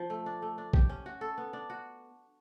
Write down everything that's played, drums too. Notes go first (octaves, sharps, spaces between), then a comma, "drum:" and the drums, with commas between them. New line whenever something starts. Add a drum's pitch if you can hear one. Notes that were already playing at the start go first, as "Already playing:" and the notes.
Already playing: F3
A3
D4
A3
D4
G4, drum: kick
C#4
F#4
A4
B3
D4
F#4